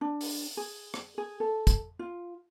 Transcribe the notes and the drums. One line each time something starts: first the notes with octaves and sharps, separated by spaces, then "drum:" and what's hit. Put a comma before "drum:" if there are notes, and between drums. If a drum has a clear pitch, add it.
D4
drum: open hi-hat
G#4
drum: rim click
G#4
A4
drum: kick, hi-hat
F4